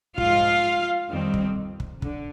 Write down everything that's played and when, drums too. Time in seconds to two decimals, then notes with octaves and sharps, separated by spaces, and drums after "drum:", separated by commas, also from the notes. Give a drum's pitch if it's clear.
0.18 G#2 F3 G#3 F4 F5, drum: kick
1.11 F2 D#3 G3 C4
1.34 drum: kick
1.80 drum: kick
2.02 D3, drum: kick